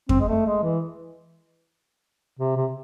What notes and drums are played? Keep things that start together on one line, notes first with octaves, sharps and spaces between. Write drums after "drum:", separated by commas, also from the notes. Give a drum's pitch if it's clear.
C4, drum: kick F2
G#3
A3
G#3
E3
C3
C3